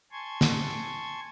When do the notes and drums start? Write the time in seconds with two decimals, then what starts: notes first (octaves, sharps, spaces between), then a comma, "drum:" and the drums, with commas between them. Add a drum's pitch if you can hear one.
0.12 G#5 A5 C6 C#6 G#6
0.41 drum: snare